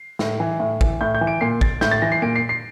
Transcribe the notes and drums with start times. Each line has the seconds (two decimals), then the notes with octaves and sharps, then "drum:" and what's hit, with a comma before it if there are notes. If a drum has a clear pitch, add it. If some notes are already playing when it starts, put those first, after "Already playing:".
Already playing: C7
0.19 A2, drum: snare
0.40 E3
0.60 A2
0.81 E3, drum: kick
1.01 A2 G6
1.15 G6
1.21 E3
1.27 D7
1.41 A#2 C7
1.61 A6, drum: kick
1.81 A2 G6, drum: snare
1.91 A6
2.02 E3 A#6
2.12 C7
2.22 A#2 D7
2.36 C7
2.49 C7